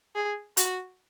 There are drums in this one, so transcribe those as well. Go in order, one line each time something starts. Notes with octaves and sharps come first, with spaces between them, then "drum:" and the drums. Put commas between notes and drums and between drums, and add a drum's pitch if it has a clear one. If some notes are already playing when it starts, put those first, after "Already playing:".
G#4
F#4, drum: hi-hat